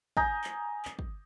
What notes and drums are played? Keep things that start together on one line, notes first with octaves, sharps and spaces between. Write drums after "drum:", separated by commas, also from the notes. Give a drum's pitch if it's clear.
G#5 A#5 D#6 G6 A#6, drum: kick
drum: clap
drum: clap
drum: kick